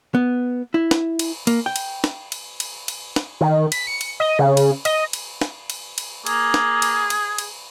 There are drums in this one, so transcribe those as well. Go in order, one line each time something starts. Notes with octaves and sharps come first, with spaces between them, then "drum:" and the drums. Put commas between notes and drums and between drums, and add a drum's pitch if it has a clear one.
B3
E4
drum: snare
drum: cymbal
A#3, drum: cymbal
G5
drum: cymbal
drum: snare
drum: cymbal
drum: cymbal
drum: cymbal
drum: snare
D#3
B6, drum: cymbal
C#7
drum: cymbal
D#5
C#3
drum: cymbal
D#5, drum: cymbal
drum: cymbal
drum: snare
drum: cymbal
drum: cymbal
A#3 G#4, drum: cymbal
drum: snare
drum: cymbal
drum: cymbal
drum: cymbal